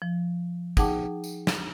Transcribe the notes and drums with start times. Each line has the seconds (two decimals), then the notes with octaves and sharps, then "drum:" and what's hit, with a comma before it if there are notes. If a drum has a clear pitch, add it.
0.02 F3
0.77 D#4 G#4 F#5 G5 A5 D6, drum: kick, tambourine
1.24 drum: tambourine
1.47 drum: snare